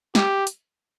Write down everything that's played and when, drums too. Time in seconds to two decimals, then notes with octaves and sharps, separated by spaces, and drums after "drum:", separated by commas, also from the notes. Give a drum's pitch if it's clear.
0.15 G4, drum: snare
0.47 drum: hi-hat